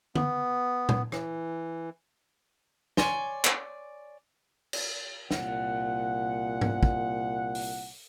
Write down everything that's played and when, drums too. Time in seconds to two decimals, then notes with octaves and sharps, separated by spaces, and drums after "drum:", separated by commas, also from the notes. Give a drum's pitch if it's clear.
0.15 B3, drum: tom D3
0.89 drum: tom A#2
1.12 E3, drum: rim click
2.97 C#5 D5 G#5 C6, drum: snare
3.45 drum: clap
4.73 drum: cymbal
5.31 C2 A#2 F#5, drum: snare
6.61 drum: tom G#2
6.83 drum: kick
7.55 drum: open hi-hat